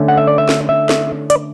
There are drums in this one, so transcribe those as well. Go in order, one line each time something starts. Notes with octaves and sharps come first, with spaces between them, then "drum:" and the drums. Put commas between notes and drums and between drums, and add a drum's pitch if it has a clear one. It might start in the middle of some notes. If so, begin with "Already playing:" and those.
Already playing: D3 A3 C#4
F#5
E5
D5
E5
drum: snare
E5
drum: snare
D5, drum: hi-hat